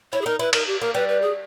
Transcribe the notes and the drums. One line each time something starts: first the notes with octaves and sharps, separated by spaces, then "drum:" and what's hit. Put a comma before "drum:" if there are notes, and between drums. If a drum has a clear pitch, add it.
E4 C#5
G#4
D#4 A#4
E4 B4
D#4 A#4, drum: cymbal
G4
A#3 A#4
G3 B4
B4
G#4